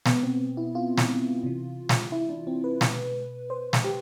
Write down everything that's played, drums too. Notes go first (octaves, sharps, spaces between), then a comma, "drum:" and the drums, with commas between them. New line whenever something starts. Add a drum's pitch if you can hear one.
B2 B3, drum: snare
C4
E4
F4
drum: snare
C3 E3
drum: snare
E4
D4
C4
B4
B2, drum: snare
C5
drum: snare
G4